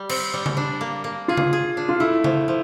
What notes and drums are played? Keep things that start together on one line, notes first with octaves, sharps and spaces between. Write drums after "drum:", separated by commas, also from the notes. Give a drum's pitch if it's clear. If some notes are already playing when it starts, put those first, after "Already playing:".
Already playing: G3
C4, drum: cymbal
G3
drum: tom C#3
D4
A#3
A#3
F4 G#4
drum: tom C#3
G#4
D4
F4
A3 E4
F3, drum: tom C#3
F3